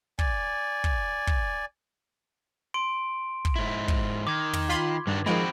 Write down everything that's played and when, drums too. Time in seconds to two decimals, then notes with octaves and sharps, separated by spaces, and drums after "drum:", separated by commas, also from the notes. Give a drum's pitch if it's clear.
0.19 D5 G#5, drum: kick
0.84 drum: kick
1.27 drum: kick
2.74 C6 D7
3.45 drum: kick
3.56 G#2 E4
3.88 drum: kick
4.27 D#3 D6 G#6
4.53 drum: tom
4.69 F4 B5 C6
5.07 G2 D#3 D4 F#4
5.26 D#3 F3 G#3 C4 F#4 B5 D7